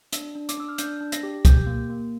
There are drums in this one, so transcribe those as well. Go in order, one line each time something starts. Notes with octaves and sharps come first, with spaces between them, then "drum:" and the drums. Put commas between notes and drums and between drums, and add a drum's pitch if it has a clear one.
D4, drum: hi-hat
D4
D6, drum: hi-hat
D4 E6
F6
D4 G6, drum: hi-hat
D4
A#6, drum: hi-hat
G4
G4 G6, drum: kick, hi-hat
A#3
A#3